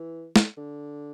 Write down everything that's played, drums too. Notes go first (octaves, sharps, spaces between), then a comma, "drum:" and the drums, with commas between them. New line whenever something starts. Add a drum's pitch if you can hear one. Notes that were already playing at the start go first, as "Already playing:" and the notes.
Already playing: E3
drum: snare
D3